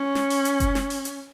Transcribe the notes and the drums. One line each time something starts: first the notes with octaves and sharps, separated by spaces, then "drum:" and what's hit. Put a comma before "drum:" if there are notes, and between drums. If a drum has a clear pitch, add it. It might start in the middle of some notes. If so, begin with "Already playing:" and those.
Already playing: C#4
drum: snare
drum: open hi-hat
drum: hi-hat
drum: kick F#1, hi-hat
drum: snare
drum: open hi-hat
drum: hi-hat